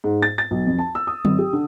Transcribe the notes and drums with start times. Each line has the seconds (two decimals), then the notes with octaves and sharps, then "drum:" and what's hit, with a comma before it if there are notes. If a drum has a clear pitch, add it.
0.04 G#2
0.22 A6
0.38 A6
0.51 B1
0.67 F2
0.79 A5
0.95 E6
1.07 D#6
1.25 G#1, drum: tom F#3
1.39 G4
1.53 D3